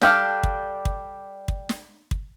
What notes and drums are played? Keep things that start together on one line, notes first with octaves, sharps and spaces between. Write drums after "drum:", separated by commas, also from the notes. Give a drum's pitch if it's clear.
G3 D4 G4 A4 F5, drum: snare
drum: kick
drum: kick
drum: kick
drum: snare
drum: kick